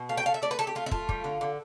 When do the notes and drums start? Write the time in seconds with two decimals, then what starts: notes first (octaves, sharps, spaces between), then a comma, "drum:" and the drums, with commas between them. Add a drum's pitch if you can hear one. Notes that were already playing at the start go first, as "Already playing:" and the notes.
Already playing: B2
0.09 A3 F5
0.18 G5
0.26 A3 F5
0.34 E5
0.42 A3 D5
0.51 B4
0.59 A3 A4
0.67 G4
0.75 A3 F4
0.86 E4
0.91 A3 F4, drum: kick
1.09 G3, drum: kick
1.24 D3
1.41 D3